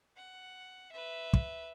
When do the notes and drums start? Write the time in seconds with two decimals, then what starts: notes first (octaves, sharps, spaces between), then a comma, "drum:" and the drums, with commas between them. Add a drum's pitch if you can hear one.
0.17 F#5
0.92 B4 E5
1.33 drum: kick